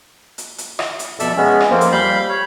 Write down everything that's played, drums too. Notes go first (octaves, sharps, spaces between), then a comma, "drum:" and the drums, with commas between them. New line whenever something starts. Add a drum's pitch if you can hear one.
drum: hi-hat
drum: hi-hat
drum: rim click
drum: hi-hat
F2 B2 A4 D5 E5 E6, drum: hi-hat
G#3 B3 C#4
drum: rim click
F2 A#3 C4
drum: hi-hat
G3 F5 B5 G6
C#5